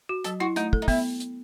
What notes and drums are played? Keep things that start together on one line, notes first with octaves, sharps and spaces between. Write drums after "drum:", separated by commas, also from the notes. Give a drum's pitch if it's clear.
F#4
F#3 A4, drum: hi-hat
E4 F#4
A3 D#4, drum: hi-hat
A4, drum: kick
D#4
B3 E4, drum: kick, open hi-hat
drum: hi-hat